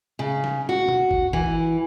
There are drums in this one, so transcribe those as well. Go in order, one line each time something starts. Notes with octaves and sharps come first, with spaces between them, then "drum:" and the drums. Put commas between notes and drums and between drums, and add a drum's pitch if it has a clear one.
C#3
drum: snare
F#4
drum: tom
drum: kick
E3, drum: kick